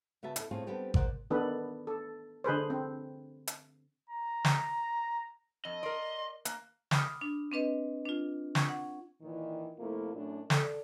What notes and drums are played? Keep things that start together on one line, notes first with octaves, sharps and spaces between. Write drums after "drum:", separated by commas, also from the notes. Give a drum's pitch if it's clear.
C#3 B3 F#4 E5 A5
E4 A4, drum: hi-hat
A2 C4 F4 G#4 C#5 A5
G3 B3 C4 D4 G4 A4
G#4 A#4 C5 D5 F#5, drum: kick G#1
D#3 B3 D4 A4 B4
A4
D3 G#4 B4 C5
C4
drum: hi-hat
A#5
drum: snare
F2 D#5
A#4 D5 C6
A#3 F#6, drum: hi-hat
B5 D6 D#6 F6, drum: snare
D4
C4 D4 B4 D#5
D4 F4
C#6 G#6, drum: snare
F#5
A#2 D#3 E3
F2 C3 A3 A#3 E4 F4
F#2 A2 D4
A4 D5, drum: snare